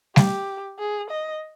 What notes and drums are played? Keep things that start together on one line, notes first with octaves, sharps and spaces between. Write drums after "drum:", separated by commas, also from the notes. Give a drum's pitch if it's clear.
G4, drum: snare G3
G#4
D#5